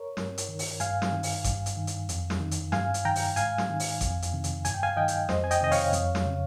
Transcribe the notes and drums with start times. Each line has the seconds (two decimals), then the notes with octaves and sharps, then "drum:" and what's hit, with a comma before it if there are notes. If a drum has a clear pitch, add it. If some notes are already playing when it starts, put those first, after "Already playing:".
Already playing: A#4 C#5
0.17 G2, drum: snare
0.38 drum: hi-hat
0.49 D#3
0.59 drum: open hi-hat
0.80 G2 F5 G#5, drum: hi-hat
1.02 drum: snare
1.13 D#3
1.23 drum: open hi-hat
1.44 G2, drum: kick G#1, hi-hat
1.66 drum: hi-hat
1.77 D#3
1.87 drum: hi-hat
2.09 F2, drum: hi-hat
2.30 drum: snare
2.40 D#3
2.51 drum: hi-hat
2.72 G2 F5 G#5, drum: snare
2.94 drum: hi-hat
3.05 D#3 G5 A#5
3.15 drum: open hi-hat
3.36 G#2 F5 G#5, drum: hi-hat
3.58 drum: snare
3.69 D#3
3.80 drum: open hi-hat
4.01 F2, drum: kick G#1, hi-hat
4.22 drum: hi-hat
4.33 C3 D#3
4.44 drum: hi-hat
4.65 G2 G#5, drum: hi-hat
4.74 G5
4.83 F5 G#5
4.97 D#3 D#5 G5
5.08 drum: hi-hat
5.29 F2 C5 D#5, drum: snare
5.44 G#5
5.51 D#5 G5, drum: hi-hat
5.61 C3 D#3 D#5
5.72 C#5 F5, drum: open hi-hat
5.93 F2, drum: hi-hat
6.15 drum: snare
6.26 C#3